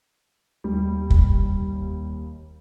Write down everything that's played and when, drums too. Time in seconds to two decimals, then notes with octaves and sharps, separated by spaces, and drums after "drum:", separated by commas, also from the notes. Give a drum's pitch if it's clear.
0.64 D#2 G3
1.10 drum: kick